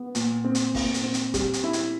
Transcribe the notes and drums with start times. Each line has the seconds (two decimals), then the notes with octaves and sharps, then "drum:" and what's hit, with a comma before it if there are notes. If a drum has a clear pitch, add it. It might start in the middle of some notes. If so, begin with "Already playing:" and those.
Already playing: B3
0.15 A#2, drum: hi-hat
0.44 C4
0.55 drum: hi-hat
0.75 A#2, drum: kick, open hi-hat
0.94 drum: hi-hat
1.03 C4
1.14 drum: hi-hat
1.34 G3, drum: kick, hi-hat
1.53 drum: hi-hat
1.64 E4
1.73 drum: hi-hat